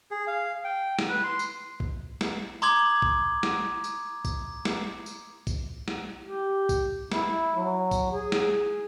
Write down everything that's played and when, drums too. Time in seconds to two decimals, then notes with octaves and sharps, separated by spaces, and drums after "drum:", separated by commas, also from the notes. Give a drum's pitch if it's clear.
0.11 G#4
0.27 F5
0.64 G5
0.99 drum: snare
1.09 B4
1.24 C6
1.39 drum: tambourine
1.80 drum: kick
2.21 drum: snare
2.62 A#5 C6 D6 D#6 G#6 F#7, drum: tambourine
3.02 drum: kick
3.43 drum: snare
3.84 drum: tambourine
4.25 drum: kick, tambourine
4.65 drum: snare
5.06 drum: tambourine
5.47 drum: kick, tambourine
5.88 drum: snare
6.23 G4
6.69 drum: kick, tambourine
7.12 E4, drum: snare
7.56 F#3
7.91 drum: kick, tambourine
8.12 G#4
8.32 drum: snare